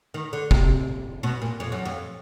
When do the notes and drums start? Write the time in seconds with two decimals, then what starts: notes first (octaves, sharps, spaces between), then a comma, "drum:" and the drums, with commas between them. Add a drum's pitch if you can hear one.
0.14 D#3
0.33 D3
0.51 C3, drum: kick
1.23 B2
1.42 A#2
1.60 F2
1.72 F#2
1.85 F2